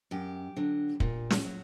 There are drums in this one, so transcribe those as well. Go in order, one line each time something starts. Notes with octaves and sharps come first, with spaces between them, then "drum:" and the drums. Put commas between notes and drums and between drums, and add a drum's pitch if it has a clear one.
F#2 G4
D3 F#3
A#2, drum: kick
drum: snare
F#3